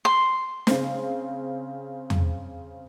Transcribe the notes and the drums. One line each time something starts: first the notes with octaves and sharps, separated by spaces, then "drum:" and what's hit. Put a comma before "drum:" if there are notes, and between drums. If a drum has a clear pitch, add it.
C6
C#3 C4, drum: snare
drum: tom E2